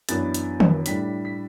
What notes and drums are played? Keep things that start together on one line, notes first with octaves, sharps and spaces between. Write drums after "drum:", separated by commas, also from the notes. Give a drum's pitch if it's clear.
F#2 E3 B3 D4 A6, drum: hi-hat
drum: hi-hat
drum: tom D#3
A2 G3 D4 B6, drum: hi-hat
B6